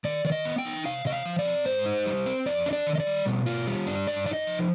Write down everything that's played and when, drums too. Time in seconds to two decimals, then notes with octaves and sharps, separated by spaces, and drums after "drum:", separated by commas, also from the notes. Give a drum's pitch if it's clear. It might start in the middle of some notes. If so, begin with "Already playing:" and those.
0.04 D#3 D5
0.25 D#3 D5, drum: open hi-hat
0.32 D#5
0.45 B3, drum: hi-hat
0.58 G5
0.65 D#4
0.85 C3 F5, drum: hi-hat
1.05 C3 D#5, drum: hi-hat
1.12 F5
1.25 F3
1.39 D5
1.45 C4, drum: hi-hat
1.66 G#2 C5, drum: hi-hat
1.86 D#4, drum: hi-hat
2.06 G3, drum: hi-hat
2.26 C4, drum: open hi-hat
2.46 F2 D5
2.66 D4 D#5, drum: open hi-hat
2.73 D5
2.87 D#3, drum: hi-hat
2.96 D#5
3.00 D5
3.07 G3
3.26 B2, drum: hi-hat
3.46 F4, drum: hi-hat
3.67 G3
3.87 D4, drum: hi-hat
4.07 G2 D5, drum: hi-hat
4.26 D#4 D5, drum: hi-hat
4.33 D#5
4.47 F3, drum: hi-hat